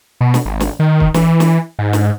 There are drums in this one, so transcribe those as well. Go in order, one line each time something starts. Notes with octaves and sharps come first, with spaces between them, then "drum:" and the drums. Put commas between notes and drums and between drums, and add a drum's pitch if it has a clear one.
B2
drum: snare
G#1
drum: snare
D#3
drum: kick
E3, drum: snare
drum: snare
G#2
drum: snare